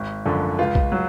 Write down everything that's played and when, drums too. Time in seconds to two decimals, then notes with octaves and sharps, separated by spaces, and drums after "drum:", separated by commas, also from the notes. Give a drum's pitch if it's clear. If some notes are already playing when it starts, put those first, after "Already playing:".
Already playing: G#1
0.25 F#2 D3 F3
0.59 C#2 F4
0.75 drum: kick
0.92 F#3